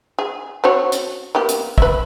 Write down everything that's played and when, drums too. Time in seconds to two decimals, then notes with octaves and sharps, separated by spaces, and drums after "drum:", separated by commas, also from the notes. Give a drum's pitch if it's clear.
0.19 G#4
0.64 C4 F#4 C#5
0.92 drum: hi-hat
1.35 A#3 B3 G4
1.48 drum: hi-hat
1.78 B4 E5, drum: kick